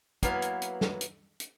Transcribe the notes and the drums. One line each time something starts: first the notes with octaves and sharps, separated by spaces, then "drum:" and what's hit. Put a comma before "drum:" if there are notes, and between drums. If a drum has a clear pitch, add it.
F#3 A#3 B3 E4 B4 F5, drum: kick, hi-hat
drum: hi-hat
drum: hi-hat
drum: snare
drum: hi-hat
drum: hi-hat